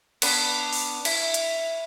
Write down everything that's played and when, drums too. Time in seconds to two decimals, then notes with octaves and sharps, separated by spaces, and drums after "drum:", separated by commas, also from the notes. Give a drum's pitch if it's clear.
0.22 B3 D4 B5, drum: cymbal
0.73 drum: open hi-hat
1.05 E4, drum: cymbal
1.34 drum: hi-hat